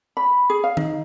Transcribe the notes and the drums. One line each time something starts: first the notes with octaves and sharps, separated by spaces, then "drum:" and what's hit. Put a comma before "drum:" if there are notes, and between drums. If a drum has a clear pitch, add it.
B5
G#4
F5
D#4, drum: tom D#3